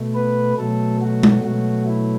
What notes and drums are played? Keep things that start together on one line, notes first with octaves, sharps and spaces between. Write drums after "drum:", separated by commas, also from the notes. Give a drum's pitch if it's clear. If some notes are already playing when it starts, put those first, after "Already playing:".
Already playing: B2 A3
B3 B4
B2 F#3 A3 A4
F#3 F#4
drum: tom G#3
B2 F#3 A3 F#4
E4